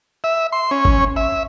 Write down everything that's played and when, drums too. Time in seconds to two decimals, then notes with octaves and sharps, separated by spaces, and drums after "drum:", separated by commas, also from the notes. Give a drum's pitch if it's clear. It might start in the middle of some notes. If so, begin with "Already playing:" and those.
0.24 E5
0.52 C6
0.71 C#4
0.85 drum: kick
1.16 E5